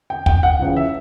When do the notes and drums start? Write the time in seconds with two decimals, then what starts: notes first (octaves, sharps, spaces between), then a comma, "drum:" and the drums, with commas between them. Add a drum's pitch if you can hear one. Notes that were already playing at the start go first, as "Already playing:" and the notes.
0.10 G5
0.26 G5, drum: kick
0.43 F#5
0.59 C#2 C#3 E3
0.77 E5